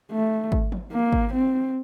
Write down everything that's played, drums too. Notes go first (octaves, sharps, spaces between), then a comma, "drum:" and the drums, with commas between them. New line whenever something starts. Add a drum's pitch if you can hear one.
A3
drum: kick G#1
drum: tom
A#3
drum: kick G#1
C4